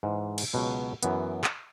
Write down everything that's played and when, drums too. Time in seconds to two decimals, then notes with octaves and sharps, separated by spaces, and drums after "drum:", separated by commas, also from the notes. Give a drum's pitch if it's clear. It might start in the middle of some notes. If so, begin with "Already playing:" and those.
0.03 G#2 E3 G#3
0.38 drum: cymbal
0.53 C#2 B2 F#3
1.03 F#2 E3 B3, drum: hi-hat
1.44 drum: clap